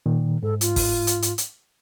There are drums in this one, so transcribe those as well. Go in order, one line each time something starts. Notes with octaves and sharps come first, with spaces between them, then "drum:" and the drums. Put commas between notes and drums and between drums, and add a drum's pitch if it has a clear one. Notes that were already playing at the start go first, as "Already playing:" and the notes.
A#2 D#3
G#2 A4
F4, drum: hi-hat
drum: kick, open hi-hat
drum: hi-hat
drum: hi-hat
drum: hi-hat